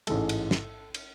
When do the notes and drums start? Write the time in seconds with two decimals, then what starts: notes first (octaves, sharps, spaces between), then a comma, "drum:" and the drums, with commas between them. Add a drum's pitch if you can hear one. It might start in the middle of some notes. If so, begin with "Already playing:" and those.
0.07 A1 G#2 E3 G#3 A4, drum: cymbal
0.29 drum: cymbal
0.51 drum: snare
0.94 drum: cymbal